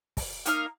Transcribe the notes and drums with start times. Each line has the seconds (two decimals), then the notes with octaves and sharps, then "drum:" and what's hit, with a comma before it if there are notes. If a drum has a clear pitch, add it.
0.17 drum: kick, open hi-hat
0.46 A#3 D#4 A#4 F5, drum: hi-hat